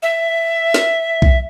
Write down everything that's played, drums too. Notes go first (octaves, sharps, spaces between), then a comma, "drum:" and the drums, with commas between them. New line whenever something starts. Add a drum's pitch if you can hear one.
E5
drum: snare
drum: kick B1